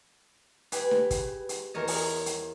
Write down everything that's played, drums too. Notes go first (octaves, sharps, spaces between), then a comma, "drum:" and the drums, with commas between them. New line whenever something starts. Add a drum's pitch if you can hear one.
G4 G#4 B4, drum: hi-hat
drum: snare
drum: kick, hi-hat
drum: hi-hat
E2 A#4 C#5 D#5
drum: open hi-hat
drum: hi-hat